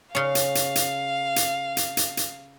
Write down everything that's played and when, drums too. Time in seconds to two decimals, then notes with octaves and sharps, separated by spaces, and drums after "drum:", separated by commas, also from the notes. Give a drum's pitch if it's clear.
0.15 C#3 C#4 F5
0.35 drum: hi-hat
0.55 drum: hi-hat
0.75 drum: hi-hat
1.36 drum: hi-hat
1.77 drum: hi-hat
1.97 drum: hi-hat
2.17 drum: hi-hat